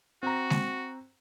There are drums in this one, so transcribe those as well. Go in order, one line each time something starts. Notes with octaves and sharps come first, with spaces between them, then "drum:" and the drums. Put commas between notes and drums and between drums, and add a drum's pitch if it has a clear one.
C4 F#4 A#5
drum: snare G#3